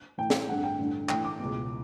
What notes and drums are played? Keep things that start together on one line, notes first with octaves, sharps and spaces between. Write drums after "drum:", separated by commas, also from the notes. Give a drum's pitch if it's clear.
A1 A2 E3 G5
drum: snare
A1 G2 D3 F#5
G5
A1 G2 D3
A1 A2 E3 G5, drum: clap
D6
C#2 B2